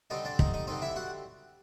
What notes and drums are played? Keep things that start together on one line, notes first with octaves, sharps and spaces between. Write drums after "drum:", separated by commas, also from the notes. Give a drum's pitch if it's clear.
D3 G3 C4 D#4 D#5
D4 D5
D#4 D#5, drum: kick
D#4 D#5
D3 G3 C4 D#4 D#5
E4 E5
F#4 F#5